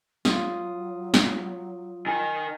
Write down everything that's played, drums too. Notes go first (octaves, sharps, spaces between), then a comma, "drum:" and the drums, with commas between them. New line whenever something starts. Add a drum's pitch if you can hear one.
F#3 F4 D#6, drum: snare
drum: snare
D#3 G#5